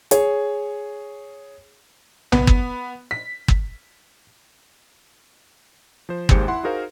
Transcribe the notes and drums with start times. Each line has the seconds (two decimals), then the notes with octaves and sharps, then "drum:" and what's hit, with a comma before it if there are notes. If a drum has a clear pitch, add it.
0.11 G#4 C#5, drum: hi-hat
2.32 B3, drum: tom B1
2.47 drum: kick
3.11 B6
3.48 drum: kick
6.09 F3 C5
6.29 G#1 D#2 G#3 G4 C5 C#7, drum: kick
6.48 E4 F#5 C6
6.63 D#4 F#4 G#4 A#4 C5 F5